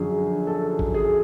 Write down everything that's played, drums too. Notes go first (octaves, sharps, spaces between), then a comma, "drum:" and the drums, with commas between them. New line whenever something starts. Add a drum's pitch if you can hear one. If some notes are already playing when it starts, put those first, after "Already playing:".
Already playing: F#2 D3 F3 G#4
A4
drum: kick G#1
G#4